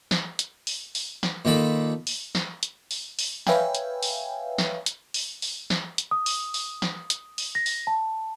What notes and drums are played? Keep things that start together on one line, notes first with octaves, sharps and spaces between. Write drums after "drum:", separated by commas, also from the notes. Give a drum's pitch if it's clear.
drum: snare
drum: hi-hat
drum: open hi-hat
drum: open hi-hat
drum: snare
A#2 D#3 A4 B5
drum: open hi-hat
drum: snare
drum: hi-hat
drum: open hi-hat
drum: open hi-hat
B4 C#5 E5 F5 G5 G#5, drum: snare
drum: hi-hat
drum: open hi-hat
drum: snare
drum: hi-hat
drum: open hi-hat
drum: open hi-hat
drum: snare
drum: hi-hat
D#6
drum: open hi-hat
drum: open hi-hat
drum: snare
drum: hi-hat
drum: open hi-hat
A#6
drum: open hi-hat
A5